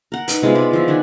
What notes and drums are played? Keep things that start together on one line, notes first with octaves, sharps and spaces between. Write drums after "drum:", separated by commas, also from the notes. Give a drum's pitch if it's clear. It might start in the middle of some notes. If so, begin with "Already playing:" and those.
A#4 F#5
D#4 B4, drum: hi-hat
C3 G#3 B3 F4
G#3 B4 D5
E3 F3 E5
D#3 D4 F#5 G#5